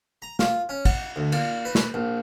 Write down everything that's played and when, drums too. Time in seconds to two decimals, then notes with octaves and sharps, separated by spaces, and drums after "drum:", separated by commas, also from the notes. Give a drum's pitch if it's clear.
0.22 A#5
0.39 F4, drum: snare
0.69 C#4
0.85 F#5, drum: kick, cymbal
1.16 D2
1.32 A#2, drum: cymbal
1.65 B4
1.75 drum: snare
1.94 A#1